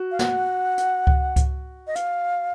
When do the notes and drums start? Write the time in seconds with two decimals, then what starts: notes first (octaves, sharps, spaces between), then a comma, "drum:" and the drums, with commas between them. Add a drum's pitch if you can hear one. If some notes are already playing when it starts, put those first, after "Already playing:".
Already playing: F#4
0.11 F5
0.19 F#5, drum: snare
0.78 drum: hi-hat
1.07 drum: kick C#2
1.36 drum: kick C#2, hi-hat
1.87 D#5
1.95 F5, drum: hi-hat